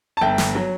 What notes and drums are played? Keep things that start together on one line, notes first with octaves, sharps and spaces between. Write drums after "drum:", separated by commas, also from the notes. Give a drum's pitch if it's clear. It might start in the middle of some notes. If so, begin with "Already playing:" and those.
A5
G1 E5 G5
drum: snare
F#3